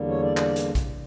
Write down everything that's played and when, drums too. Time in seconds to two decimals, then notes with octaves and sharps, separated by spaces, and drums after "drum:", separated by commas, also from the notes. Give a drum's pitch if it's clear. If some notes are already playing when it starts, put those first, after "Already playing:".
Already playing: E2 D3 G3 A#3
0.09 C#5
0.23 D5
0.37 D5, drum: clap
0.56 drum: hi-hat
0.75 drum: kick, hi-hat